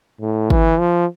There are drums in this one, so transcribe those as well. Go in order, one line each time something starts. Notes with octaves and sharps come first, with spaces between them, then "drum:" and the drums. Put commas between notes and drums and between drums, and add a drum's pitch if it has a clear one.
A2
E3, drum: kick
F3